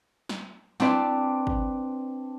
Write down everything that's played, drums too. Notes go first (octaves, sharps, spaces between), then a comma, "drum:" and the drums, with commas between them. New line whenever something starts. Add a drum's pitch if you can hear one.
drum: snare
C4 D4 B4 D5, drum: snare
drum: kick